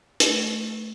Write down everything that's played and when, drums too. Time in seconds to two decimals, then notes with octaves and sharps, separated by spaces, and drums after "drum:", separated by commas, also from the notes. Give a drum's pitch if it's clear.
0.20 A3, drum: hi-hat